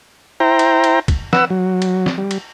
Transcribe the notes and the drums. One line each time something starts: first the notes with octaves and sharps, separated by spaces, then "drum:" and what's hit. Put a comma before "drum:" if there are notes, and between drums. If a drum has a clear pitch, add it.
E4 C5 G5 A#5
drum: cymbal
drum: cymbal
drum: kick, cymbal
B4 F#5 E6, drum: snare
F#3
drum: cymbal
drum: snare
G3
drum: cymbal